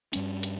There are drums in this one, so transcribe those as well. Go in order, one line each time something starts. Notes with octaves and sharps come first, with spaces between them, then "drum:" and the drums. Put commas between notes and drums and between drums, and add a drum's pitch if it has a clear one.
G2 G3 C#4, drum: hi-hat
drum: hi-hat